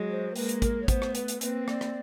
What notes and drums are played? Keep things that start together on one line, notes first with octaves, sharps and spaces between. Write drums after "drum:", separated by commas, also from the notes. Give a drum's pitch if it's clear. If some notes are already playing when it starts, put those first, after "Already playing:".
Already playing: F#3 G#3
C5
G#3 A#3 B4, drum: open hi-hat
drum: hi-hat
A#4, drum: kick, hi-hat
C#5
A3 B3 C5, drum: kick, hi-hat
drum: rim click
B4, drum: hi-hat
drum: hi-hat
A#3 C4 B4, drum: hi-hat
D5, drum: rim click
drum: rim click